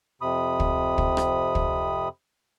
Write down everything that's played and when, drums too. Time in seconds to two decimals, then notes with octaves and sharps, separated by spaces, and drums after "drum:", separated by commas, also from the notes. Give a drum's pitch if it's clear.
0.21 F2 C3 B5 D#6
0.60 drum: kick
0.98 drum: kick
1.17 drum: rim click
1.55 drum: kick